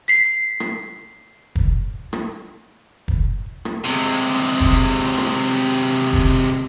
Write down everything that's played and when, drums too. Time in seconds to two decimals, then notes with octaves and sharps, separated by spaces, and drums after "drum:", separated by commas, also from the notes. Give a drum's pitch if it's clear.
0.08 B6 C7
0.60 drum: rim click
1.55 drum: kick
2.13 drum: rim click
3.08 drum: kick
3.65 drum: rim click
3.84 C3 G#3
4.60 drum: kick
5.18 drum: rim click
6.13 drum: kick